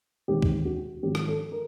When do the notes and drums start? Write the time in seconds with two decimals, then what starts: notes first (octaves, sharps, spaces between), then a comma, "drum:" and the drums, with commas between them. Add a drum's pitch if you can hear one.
0.28 E1 D#2 D#3 G#3 C4 G4
0.42 drum: kick
0.65 F#4
1.03 G#1 G#2 F3 G4
1.15 drum: rim click
1.28 A4
1.52 A#4